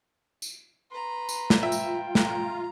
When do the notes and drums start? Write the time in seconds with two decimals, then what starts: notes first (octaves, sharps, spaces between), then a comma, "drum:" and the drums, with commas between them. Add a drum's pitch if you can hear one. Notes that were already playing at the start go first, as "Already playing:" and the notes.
0.42 drum: tambourine
0.91 B4 A#5 C6
1.29 drum: tambourine
1.50 drum: snare
1.63 F4 E5 G5
1.72 drum: tambourine
2.15 A#5, drum: snare